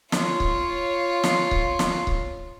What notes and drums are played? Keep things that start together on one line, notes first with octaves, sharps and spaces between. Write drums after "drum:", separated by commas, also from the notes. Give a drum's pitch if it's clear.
F4 C#5, drum: snare
drum: kick C#1
drum: snare
drum: kick C#1
drum: snare
drum: kick C#1